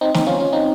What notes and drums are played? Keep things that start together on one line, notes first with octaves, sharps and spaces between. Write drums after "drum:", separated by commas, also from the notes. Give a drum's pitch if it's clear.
C4 D#4
C4 D#4, drum: snare
C#4 F4
C#4 F4
C4 D#4